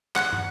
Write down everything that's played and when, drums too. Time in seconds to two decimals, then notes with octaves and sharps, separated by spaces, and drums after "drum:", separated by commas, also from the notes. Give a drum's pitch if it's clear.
0.16 F#5, drum: clap
0.33 drum: tom